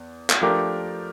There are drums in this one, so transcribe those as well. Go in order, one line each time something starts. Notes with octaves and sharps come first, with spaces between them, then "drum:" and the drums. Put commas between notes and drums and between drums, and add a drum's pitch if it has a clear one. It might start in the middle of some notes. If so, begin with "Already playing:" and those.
Already playing: E2
drum: clap
F3 A3 D4 G4 A#4